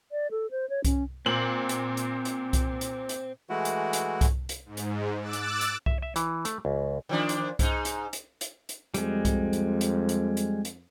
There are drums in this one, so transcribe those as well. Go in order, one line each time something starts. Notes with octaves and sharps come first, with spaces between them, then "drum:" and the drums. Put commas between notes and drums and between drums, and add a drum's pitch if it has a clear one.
D5
A4
C5
C#5
C#4, drum: kick C2, hi-hat
A#2 C4 F#7
drum: hi-hat
drum: hi-hat
drum: hi-hat
drum: kick C2, hi-hat
drum: hi-hat
drum: hi-hat
E3 G#3 A3 E4 F#4
drum: hi-hat
drum: hi-hat
drum: kick C2, hi-hat
drum: hi-hat
G#2
drum: hi-hat
D6 E6 F#6 A6
drum: hi-hat
drum: hi-hat
E5, drum: kick C2
E5
E3, drum: hi-hat
A3, drum: hi-hat
C#2
D#3 F3 D4
drum: hi-hat
G#2 D#4, drum: kick C2, hi-hat
drum: hi-hat
drum: hi-hat
drum: hi-hat
drum: hi-hat
F2 G3 G#3, drum: hi-hat
drum: kick C2, hi-hat
drum: hi-hat
drum: hi-hat
drum: hi-hat
drum: hi-hat
drum: hi-hat